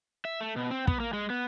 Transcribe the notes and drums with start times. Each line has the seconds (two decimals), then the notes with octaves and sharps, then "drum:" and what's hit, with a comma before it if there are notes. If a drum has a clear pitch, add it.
0.25 E5
0.41 A3
0.56 B2
0.71 C4
0.87 B3, drum: kick
1.00 A#3
1.13 G#3
1.30 B3